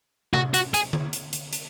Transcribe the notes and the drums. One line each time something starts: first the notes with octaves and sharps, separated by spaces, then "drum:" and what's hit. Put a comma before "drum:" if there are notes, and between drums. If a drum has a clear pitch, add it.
F#4, drum: tom C3
F#4, drum: hi-hat
G#4, drum: hi-hat
drum: tom D3
drum: hi-hat
drum: hi-hat
drum: hi-hat